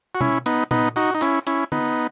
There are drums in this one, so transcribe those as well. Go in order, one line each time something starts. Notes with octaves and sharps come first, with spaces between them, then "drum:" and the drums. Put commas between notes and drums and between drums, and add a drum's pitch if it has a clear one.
F#4
C#4 E4, drum: tom B2
B3 D#4, drum: hi-hat
B3 D#4, drum: tom A#2
D#4 F#4, drum: open hi-hat
D#4
C#4 E4, drum: clap
C#4 E4, drum: hi-hat
B3 D#4, drum: tom D3